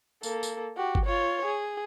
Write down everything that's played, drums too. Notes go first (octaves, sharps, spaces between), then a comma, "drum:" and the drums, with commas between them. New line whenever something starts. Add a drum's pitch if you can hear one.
A#3 A4, drum: tambourine
drum: tambourine
F#4 G4
drum: kick
F4 C#5
G#4